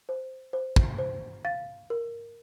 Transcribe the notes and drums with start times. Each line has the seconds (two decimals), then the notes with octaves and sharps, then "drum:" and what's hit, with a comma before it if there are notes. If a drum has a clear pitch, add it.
0.09 C5
0.53 C5
0.76 drum: kick
0.99 C5
1.45 F5 A6
1.90 A#4